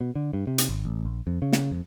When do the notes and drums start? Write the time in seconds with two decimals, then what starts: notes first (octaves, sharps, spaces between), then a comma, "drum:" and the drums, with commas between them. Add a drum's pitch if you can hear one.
0.01 B2
0.15 D3
0.33 G2
0.47 C3
0.58 drum: hi-hat
0.69 G#1
0.85 A1
1.05 A#1
1.27 F2
1.42 C#3
1.53 drum: snare
1.71 F2